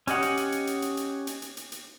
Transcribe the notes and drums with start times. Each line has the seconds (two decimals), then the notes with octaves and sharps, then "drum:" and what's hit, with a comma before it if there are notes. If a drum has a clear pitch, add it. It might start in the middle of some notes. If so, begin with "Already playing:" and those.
0.07 C#4 G4 D#5 F#5, drum: hi-hat
0.22 drum: hi-hat
0.37 drum: hi-hat
0.52 drum: hi-hat
0.67 drum: hi-hat
0.82 drum: hi-hat
0.97 drum: hi-hat
1.27 drum: hi-hat
1.42 drum: hi-hat
1.57 drum: hi-hat
1.72 drum: hi-hat